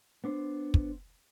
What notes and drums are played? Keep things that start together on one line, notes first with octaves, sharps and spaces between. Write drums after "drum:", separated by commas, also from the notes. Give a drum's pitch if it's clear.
B3 D4 C5
drum: kick